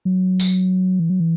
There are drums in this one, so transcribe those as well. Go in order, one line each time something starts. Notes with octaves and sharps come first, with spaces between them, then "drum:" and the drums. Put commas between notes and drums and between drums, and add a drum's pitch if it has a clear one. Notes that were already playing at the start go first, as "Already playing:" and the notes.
F#3
drum: tambourine
E3
F#3
E3